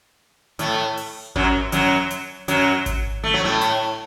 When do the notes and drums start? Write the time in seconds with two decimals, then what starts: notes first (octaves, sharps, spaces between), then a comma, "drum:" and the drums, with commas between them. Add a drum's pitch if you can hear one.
0.59 A2 A3, drum: hi-hat
0.97 drum: open hi-hat
1.36 F#2 F#3, drum: kick G#1
1.72 F#2 F#3, drum: hi-hat
2.11 drum: hi-hat
2.48 F#2 F#3, drum: hi-hat
2.86 drum: kick G#1, hi-hat
3.24 A3
3.34 F#3
3.44 A2 A3
3.61 drum: hi-hat